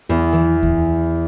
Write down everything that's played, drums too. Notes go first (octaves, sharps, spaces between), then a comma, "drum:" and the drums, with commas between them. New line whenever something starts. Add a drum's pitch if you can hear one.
E2
E3
drum: kick D2